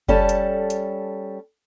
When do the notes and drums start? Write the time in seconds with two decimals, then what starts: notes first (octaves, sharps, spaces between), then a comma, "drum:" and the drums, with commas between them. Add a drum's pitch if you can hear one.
0.08 G3 C#4 A4 A5, drum: kick F#1
0.29 drum: hi-hat
0.70 drum: hi-hat